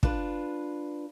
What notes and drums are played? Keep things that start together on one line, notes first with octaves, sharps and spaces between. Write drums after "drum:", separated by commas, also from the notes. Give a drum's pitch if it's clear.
D4 F4 B4, drum: kick